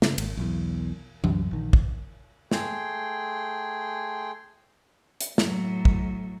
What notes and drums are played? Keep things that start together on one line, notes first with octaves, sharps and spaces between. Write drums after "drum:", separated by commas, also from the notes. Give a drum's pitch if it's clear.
C#3, drum: snare
G#1, drum: cymbal
B1 E2
C2 F#2, drum: tom E3
A#1 D#3
drum: kick
A3 G#4 G5 C6, drum: snare
drum: hi-hat
A2 F#3, drum: snare
drum: kick